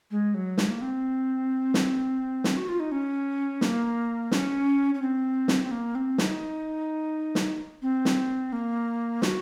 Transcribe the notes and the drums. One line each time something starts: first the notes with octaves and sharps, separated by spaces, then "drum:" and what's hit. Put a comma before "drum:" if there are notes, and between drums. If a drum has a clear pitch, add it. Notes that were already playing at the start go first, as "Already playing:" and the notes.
G#3
F#3
G#3, drum: snare
A#3
C4
drum: snare
drum: snare
F#4
F4
D#4
C#4
A#3, drum: snare
C#4, drum: snare
C#4
C4
drum: snare
C4
A#3
C4
D#4, drum: snare
drum: snare
C4
drum: snare
A#3
F#4, drum: snare